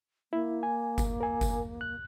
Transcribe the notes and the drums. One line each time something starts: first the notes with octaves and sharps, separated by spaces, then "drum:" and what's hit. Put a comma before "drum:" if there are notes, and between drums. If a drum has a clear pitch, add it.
A#3 E4
G#5
drum: kick G1, tambourine
A#4 G#5
drum: kick G1, tambourine
F#6